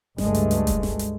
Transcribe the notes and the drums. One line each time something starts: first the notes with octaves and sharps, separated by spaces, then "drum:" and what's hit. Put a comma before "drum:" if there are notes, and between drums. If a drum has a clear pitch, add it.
C#2 G2 G#3 A3, drum: snare G1
drum: hi-hat
drum: hi-hat
drum: kick E1, hi-hat
drum: snare G1
drum: hi-hat